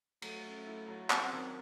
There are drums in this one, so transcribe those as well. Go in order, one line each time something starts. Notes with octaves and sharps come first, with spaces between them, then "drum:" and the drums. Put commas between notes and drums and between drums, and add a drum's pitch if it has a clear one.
F#3 A3, drum: cymbal
C#4
E4
F#3
C4 C#4, drum: clap
D#3